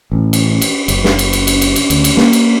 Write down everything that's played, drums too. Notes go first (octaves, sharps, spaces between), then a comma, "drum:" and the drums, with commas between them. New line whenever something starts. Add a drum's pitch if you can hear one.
A1
drum: cymbal
drum: cymbal
F#1, drum: cymbal
drum: snare
drum: cymbal
drum: cymbal
drum: cymbal
drum: cymbal
drum: cymbal
D2, drum: cymbal
drum: cymbal
A#3, drum: snare
drum: cymbal